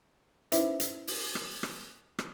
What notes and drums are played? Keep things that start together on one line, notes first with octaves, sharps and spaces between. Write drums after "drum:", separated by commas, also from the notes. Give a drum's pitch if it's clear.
C#4 D#4 E4 B4 C5 E5, drum: hi-hat
drum: hi-hat
drum: open hi-hat
drum: rim click
drum: rim click
drum: rim click